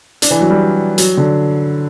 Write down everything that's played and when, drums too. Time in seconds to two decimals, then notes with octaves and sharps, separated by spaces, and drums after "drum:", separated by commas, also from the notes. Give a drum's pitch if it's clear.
0.22 D4, drum: hi-hat
0.31 E3
0.40 F#3
0.50 G3
0.98 F#3, drum: hi-hat
1.17 D3